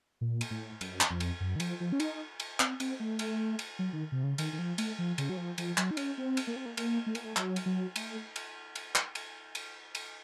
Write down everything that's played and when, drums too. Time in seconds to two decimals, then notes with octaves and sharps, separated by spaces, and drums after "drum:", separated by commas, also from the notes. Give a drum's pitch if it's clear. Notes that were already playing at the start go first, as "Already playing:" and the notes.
0.21 A#2
0.41 drum: cymbal
0.51 A2
0.81 F#2, drum: cymbal
1.01 drum: clap
1.10 F2
1.20 drum: cymbal
1.40 F#2
1.56 D#3
1.60 F3, drum: cymbal
1.80 F3
1.92 C#4
2.00 D#4, drum: cymbal
2.40 drum: cymbal
2.60 C4, drum: clap
2.80 C4, drum: cymbal
3.00 A3
3.19 drum: cymbal
3.59 drum: cymbal
3.79 F#3
3.93 D#3
4.12 C3
4.23 C#3
4.38 D#3, drum: cymbal
4.53 D#3
4.59 F3
4.78 A3, drum: cymbal
4.99 F3
5.18 C#3, drum: cymbal
5.30 F#3
5.37 F3
5.58 F3, drum: cymbal
5.77 F#3, drum: clap
5.91 D#4
5.97 C#4, drum: cymbal
6.18 C4
6.37 drum: cymbal
6.47 A#3
6.56 C4
6.66 A#3
6.77 A#3, drum: cymbal
7.06 A3
7.15 A#3, drum: cymbal
7.24 A3
7.36 F#3, drum: clap
7.56 drum: cymbal
7.66 F#3
7.96 A3, drum: cymbal
8.36 drum: cymbal
8.75 drum: cymbal
8.95 drum: clap
9.15 drum: cymbal
9.55 drum: cymbal
9.95 drum: cymbal